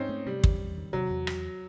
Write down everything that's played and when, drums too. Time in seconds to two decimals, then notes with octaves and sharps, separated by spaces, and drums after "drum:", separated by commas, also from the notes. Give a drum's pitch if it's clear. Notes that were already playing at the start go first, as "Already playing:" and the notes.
Already playing: G#2 C4 C#4 D#4
0.09 A3
0.26 C3 G3
0.44 E2, drum: kick
0.59 G3
0.77 D#3
0.93 C3 F#3
1.10 E2
1.27 drum: rim click